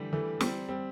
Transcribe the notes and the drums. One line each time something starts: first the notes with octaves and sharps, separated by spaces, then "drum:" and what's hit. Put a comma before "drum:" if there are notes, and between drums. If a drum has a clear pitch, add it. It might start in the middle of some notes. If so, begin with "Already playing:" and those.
Already playing: D3 E3 G3 A3 D4 G4
E3 A3
G3 C4, drum: snare
G3 C4